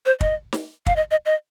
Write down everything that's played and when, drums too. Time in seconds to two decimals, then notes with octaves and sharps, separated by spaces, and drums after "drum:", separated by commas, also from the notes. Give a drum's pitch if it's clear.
0.06 C5
0.21 D#5, drum: kick
0.53 drum: snare
0.86 F5, drum: kick
0.96 D#5
1.11 D#5
1.26 D#5